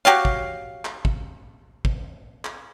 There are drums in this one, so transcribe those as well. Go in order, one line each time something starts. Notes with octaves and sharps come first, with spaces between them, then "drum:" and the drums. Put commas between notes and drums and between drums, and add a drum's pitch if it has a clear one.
F#4 G4 C#5 F5
drum: kick G#1
drum: clap
drum: kick G#1
drum: kick G#1
drum: clap